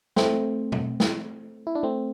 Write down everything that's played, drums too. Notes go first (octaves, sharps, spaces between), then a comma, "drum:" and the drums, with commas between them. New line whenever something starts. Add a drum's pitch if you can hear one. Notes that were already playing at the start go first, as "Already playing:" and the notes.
A3 C4, drum: snare
drum: tom B2
drum: snare
E4
D4
A3 C4